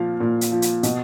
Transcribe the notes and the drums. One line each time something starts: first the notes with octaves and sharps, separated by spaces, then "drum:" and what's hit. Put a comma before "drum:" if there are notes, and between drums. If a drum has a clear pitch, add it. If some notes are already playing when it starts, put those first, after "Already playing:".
Already playing: A#2 F3 F5
A#2
drum: hi-hat
F3
drum: hi-hat
B2, drum: hi-hat